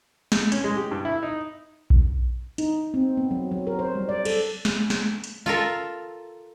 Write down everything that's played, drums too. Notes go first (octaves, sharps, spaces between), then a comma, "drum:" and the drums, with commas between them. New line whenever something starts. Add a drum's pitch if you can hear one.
drum: snare
C#4, drum: hi-hat
G#3
G4
G2
E4
D#4
drum: kick A#1
D#4, drum: hi-hat
C4
B3
F#3
F#3
A#4
C5
G3
D5
A4, drum: cymbal
drum: snare
drum: snare
drum: hi-hat
F4 A4 A#4 E5